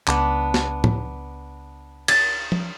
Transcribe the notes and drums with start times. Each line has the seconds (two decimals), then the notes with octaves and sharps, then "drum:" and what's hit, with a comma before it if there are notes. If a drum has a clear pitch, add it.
0.07 C#2 B3 D4, drum: clap
0.54 drum: snare
0.84 drum: tom A2
2.08 A6, drum: cymbal
2.52 drum: tom F3